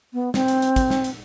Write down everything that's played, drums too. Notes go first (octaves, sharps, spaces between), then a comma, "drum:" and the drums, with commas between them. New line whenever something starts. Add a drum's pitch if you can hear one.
B3
C4, drum: snare
drum: hi-hat
drum: hi-hat
drum: kick, hi-hat
drum: snare
drum: hi-hat